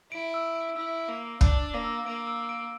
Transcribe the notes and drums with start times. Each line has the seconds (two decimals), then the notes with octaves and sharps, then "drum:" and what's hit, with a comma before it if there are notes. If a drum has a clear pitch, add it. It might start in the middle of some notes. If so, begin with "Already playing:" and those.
0.11 E4 D7
0.34 E6
0.55 D7
0.76 E4 E6
0.98 D7
1.08 A#3
1.20 E6
1.41 D4 E6, drum: kick
1.63 A6
1.74 A#3
1.84 E6
2.06 A#3 D7
2.27 E6
2.49 D7